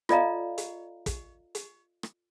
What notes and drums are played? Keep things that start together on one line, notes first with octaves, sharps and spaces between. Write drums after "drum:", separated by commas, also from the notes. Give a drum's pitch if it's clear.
F4 A4 D5 D#5 F5 A#5, drum: rim click
drum: hi-hat
drum: kick, hi-hat
drum: hi-hat
drum: rim click